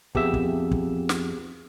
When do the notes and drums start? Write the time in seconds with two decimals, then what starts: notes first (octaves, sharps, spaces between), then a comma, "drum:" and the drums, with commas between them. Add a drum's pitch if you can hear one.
0.15 F2 B3 G4 G#4 E5, drum: kick
0.34 drum: kick
0.71 drum: kick
1.09 drum: snare